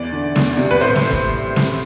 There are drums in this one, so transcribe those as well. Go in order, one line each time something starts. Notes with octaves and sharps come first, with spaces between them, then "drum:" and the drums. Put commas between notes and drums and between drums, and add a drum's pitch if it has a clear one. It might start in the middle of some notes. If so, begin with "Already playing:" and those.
Already playing: E2 D5
D3
E2, drum: snare
C3
B4
A2 C5
drum: snare
drum: kick
drum: snare